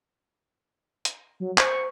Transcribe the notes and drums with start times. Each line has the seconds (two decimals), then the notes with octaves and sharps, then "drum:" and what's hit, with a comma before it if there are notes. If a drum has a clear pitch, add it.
1.05 drum: hi-hat
1.40 F#3
1.58 C5 C#6, drum: clap